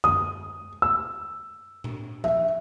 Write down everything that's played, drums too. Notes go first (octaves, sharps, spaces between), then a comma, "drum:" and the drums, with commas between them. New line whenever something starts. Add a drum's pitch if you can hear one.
D#6, drum: tom
E6
drum: tom A#2
E5, drum: tom F3